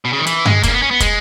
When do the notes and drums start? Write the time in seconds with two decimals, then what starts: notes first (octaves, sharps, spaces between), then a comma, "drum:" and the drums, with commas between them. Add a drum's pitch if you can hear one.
0.05 B2
0.13 C#3
0.19 D#3
0.27 E3, drum: hi-hat
0.45 G#3, drum: tom G2
0.63 A#3 C#4, drum: kick, hi-hat
0.73 B3
0.82 C#4
0.91 B3
1.00 G#3, drum: kick, hi-hat